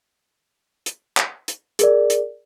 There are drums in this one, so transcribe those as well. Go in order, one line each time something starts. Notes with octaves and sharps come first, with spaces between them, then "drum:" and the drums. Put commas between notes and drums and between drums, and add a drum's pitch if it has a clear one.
drum: hi-hat
drum: clap
drum: hi-hat
G#4 A#4 D5, drum: hi-hat
drum: hi-hat